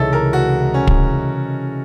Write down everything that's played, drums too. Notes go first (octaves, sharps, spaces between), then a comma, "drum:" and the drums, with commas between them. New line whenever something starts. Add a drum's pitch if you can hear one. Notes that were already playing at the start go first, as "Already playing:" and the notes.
Already playing: C#2 C3 E3 D#4 E4 A4
A#4
F#4
C#4
drum: kick